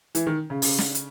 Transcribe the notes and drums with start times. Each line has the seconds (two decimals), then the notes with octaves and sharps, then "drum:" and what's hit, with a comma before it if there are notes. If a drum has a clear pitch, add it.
0.15 E3, drum: hi-hat
0.27 D#3
0.50 C#3
0.62 C#3, drum: open hi-hat
0.78 drum: snare
0.95 drum: hi-hat